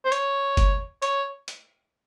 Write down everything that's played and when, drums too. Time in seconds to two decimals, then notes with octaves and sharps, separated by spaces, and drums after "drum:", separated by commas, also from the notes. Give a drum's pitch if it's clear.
0.05 C5
0.12 C#5, drum: hi-hat
0.57 drum: kick F#1, hi-hat
1.02 C#5, drum: hi-hat
1.48 drum: hi-hat